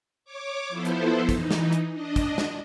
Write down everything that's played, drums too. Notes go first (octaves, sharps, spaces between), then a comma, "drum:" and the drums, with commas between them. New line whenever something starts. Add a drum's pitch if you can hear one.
C#5 D6
F3 B3 E4 A4 C5
drum: hi-hat
E3 D#4, drum: kick, hi-hat
drum: snare
drum: hi-hat
D4 D#5
drum: kick, hi-hat
drum: snare